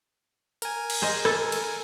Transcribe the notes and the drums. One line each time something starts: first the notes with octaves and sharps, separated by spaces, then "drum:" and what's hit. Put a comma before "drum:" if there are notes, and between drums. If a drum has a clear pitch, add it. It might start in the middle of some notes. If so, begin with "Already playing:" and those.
A#4 G#5, drum: hi-hat
drum: cymbal
G#4 C5 D#5
A4, drum: rim click
drum: cymbal